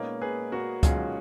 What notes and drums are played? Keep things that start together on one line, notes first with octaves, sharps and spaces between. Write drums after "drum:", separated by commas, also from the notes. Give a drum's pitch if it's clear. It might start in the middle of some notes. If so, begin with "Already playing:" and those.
Already playing: A#2 G#3 A#3 B3 C#4 D#4
G#4 B4
F#4 A#4
B1 A#2 G#3 C#4 F4 G#4, drum: kick C#2, hi-hat